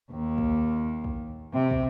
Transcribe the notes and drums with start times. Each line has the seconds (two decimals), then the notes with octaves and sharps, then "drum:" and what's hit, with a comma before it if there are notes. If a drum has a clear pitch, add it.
0.10 D#2
0.38 drum: kick
1.04 drum: kick
1.54 C3
1.71 drum: kick